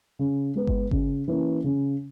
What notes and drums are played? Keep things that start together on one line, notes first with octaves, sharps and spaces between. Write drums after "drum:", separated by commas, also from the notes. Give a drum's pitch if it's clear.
C#3
G#3 B3
drum: kick G1
C#3, drum: kick G1
E3 A#3 C#4
C#3